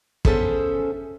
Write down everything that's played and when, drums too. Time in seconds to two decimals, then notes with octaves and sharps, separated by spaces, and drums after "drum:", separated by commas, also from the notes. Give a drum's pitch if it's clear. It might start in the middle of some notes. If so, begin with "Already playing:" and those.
0.25 B3 C#4 G#4 A4 C5 E5, drum: kick